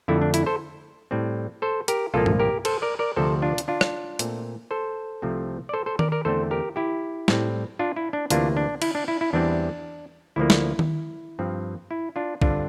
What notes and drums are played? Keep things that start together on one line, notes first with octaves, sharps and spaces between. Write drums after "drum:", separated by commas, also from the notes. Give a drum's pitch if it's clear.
F2 D3 A3 E4
D4
E4, drum: hi-hat
A4 C5
A2 G3 C4
A4 C5
G4 A#4, drum: hi-hat
C2 A#2 F3 A#3 F4 A4
drum: tom
G4 A#4
A4 C5, drum: cymbal
A#4 D5
A#4 D5
D2 C3 F3 C4 A4 C5
D4 F4
drum: hi-hat
D4 F4
drum: rim click
A#2 A3 C4, drum: hi-hat
A4 C5
C2 C3 F3 A3 C4
D5
A4 C5
A4 C5
A#4 D5, drum: tom D#3
A#4 D5
E2 D3 A3 C4 A4 C5
G4 A#4
E4 G4
A2 G3 C4, drum: snare
D4 F4
E4
D4
D2 C3 E3 A#3 D4 F4, drum: hi-hat
D4
E4, drum: cymbal
D4
E4
E4
E2 E3 G3 C4 D4
D2 D3 F3 A#3 E4
drum: snare
drum: tom D#3
G2 F3 C4
E4
D4 F4
G2 D3 G3 C4 D4 F4, drum: kick